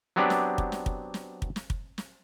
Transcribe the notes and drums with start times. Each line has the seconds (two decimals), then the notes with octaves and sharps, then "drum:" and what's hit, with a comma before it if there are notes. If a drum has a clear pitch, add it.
0.16 F#3 B3 C4 D4 G4 D5
0.30 drum: snare
0.58 drum: kick
0.72 drum: snare
0.86 drum: kick
1.14 drum: snare
1.42 drum: kick
1.56 drum: snare
1.70 drum: kick
1.98 drum: snare